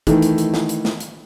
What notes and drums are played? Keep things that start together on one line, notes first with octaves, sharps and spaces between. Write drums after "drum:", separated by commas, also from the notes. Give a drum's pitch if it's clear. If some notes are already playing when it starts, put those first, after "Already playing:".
D#3 E3 A3, drum: kick, hi-hat
drum: hi-hat
drum: hi-hat
drum: snare
drum: hi-hat
drum: snare
drum: hi-hat